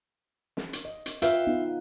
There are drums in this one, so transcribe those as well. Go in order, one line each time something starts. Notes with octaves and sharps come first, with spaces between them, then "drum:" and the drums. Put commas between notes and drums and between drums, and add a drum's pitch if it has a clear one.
drum: snare
drum: hi-hat
D#5
drum: hi-hat
F4 B4 E5 F5 G5, drum: hi-hat
B3 D#4